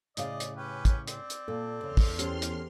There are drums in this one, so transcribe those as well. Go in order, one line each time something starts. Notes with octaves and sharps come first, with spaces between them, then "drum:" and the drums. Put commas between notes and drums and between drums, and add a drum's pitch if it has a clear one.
A2 C#3 D5 D#5 F5, drum: hi-hat
drum: hi-hat
C#4 G4 B4
drum: kick, hi-hat
C4 D5, drum: hi-hat
drum: hi-hat
A#2 A4
E2 C#3 C6 F6
drum: kick, open hi-hat
C#4 G4 A4 C5, drum: hi-hat
drum: hi-hat